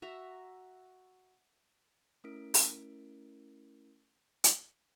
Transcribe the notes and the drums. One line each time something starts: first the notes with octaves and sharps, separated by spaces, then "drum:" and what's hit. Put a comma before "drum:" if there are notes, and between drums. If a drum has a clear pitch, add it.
F#4 E5 A#5
A3 C#4 E4 A#4 B6 D7
drum: open hi-hat
drum: hi-hat